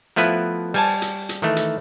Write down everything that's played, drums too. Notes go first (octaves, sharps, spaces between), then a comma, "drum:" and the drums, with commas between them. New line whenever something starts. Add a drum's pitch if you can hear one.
F3 A3 B3 E4 B4
G3 G#5 A5, drum: open hi-hat
drum: hi-hat
drum: hi-hat
D#3 E3 A3
drum: hi-hat